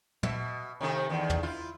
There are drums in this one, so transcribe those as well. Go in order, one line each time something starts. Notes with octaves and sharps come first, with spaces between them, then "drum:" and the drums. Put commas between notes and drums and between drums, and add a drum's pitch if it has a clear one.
B2 E5, drum: tom
C3 D#3 A3
E2 D#3
drum: tom
E4 F4